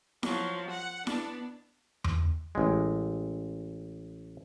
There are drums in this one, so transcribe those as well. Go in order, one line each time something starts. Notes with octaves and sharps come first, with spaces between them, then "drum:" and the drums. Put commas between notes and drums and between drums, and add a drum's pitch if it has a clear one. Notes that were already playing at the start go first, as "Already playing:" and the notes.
F3 F#3, drum: snare E4
F#5
B3 D4, drum: snare E4
drum: tom E2
A1 G#3